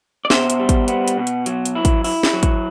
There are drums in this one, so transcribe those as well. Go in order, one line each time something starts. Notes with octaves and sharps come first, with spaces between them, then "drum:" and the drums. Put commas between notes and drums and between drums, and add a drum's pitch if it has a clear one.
D5
B2 C5 E5, drum: snare
drum: hi-hat
G3
drum: kick, hi-hat
B3, drum: hi-hat
drum: hi-hat
B2
drum: hi-hat
F#3, drum: hi-hat
drum: hi-hat
E4
drum: kick, hi-hat
E4, drum: open hi-hat
drum: snare
F#3
drum: kick, hi-hat